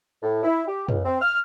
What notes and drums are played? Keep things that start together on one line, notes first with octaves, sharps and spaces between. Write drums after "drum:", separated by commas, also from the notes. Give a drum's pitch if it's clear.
A2
E4
G4
C#2, drum: tom
C4
F6